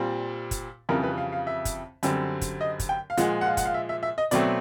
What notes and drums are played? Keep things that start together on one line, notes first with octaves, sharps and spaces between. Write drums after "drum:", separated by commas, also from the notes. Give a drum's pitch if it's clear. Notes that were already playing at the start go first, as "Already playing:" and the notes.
Already playing: A#2 G3 C4
drum: kick, hi-hat
F2 C#3 E3 G3 A#4
B4
F5
F5
E5
drum: kick, hi-hat
F#2 D3 G3 C4, drum: hi-hat
drum: kick, hi-hat
D#5
drum: kick, hi-hat
G5
F5
A#2 F3 G#3 F#5, drum: hi-hat
F#5
F5
F#5, drum: kick, hi-hat
F5
E5
E5
E5
D#5
B2 F#3 A3 C4 D5, drum: hi-hat